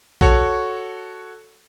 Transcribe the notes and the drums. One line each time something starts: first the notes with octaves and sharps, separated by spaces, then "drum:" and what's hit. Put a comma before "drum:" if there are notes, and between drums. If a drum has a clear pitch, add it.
F#4 A4 C#5, drum: kick A#1